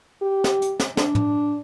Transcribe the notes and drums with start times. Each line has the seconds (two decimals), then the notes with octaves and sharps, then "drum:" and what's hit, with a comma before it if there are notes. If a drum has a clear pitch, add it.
0.22 G4
0.44 drum: snare
0.62 drum: hi-hat
0.80 drum: snare
0.97 D4, drum: snare
1.15 drum: tom A2